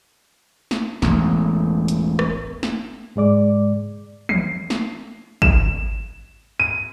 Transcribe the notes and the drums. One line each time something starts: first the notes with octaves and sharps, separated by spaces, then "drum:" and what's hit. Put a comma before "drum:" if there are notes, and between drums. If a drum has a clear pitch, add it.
drum: snare
E1 A1, drum: snare
drum: hi-hat
drum: rim click
drum: snare
G#2 G#3 D5 D6
C7, drum: tom
drum: snare
E7, drum: kick
D#7